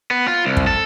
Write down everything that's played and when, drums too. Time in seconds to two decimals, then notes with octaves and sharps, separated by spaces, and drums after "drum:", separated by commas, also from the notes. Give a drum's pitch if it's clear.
0.11 B3
0.28 F4
0.45 C2
0.57 drum: kick
0.67 A4